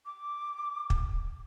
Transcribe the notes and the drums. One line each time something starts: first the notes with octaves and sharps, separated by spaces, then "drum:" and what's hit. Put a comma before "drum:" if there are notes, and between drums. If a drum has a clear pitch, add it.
D6
drum: kick